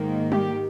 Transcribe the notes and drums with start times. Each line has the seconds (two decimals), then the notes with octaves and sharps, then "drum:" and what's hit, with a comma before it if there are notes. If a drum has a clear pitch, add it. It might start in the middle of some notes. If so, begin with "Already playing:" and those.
Already playing: G#2 D#3 A#3
0.32 G4, drum: tom G3